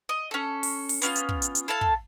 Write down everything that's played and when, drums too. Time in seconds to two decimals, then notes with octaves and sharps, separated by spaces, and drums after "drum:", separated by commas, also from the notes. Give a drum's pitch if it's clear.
0.09 D#5
0.31 C#4 A4
0.63 drum: open hi-hat
0.89 drum: open hi-hat
1.02 B3 C#4 E4 F4, drum: hi-hat
1.15 drum: hi-hat
1.29 drum: kick
1.42 drum: hi-hat
1.55 drum: hi-hat
1.68 E4 A4 F5 A5
1.81 drum: kick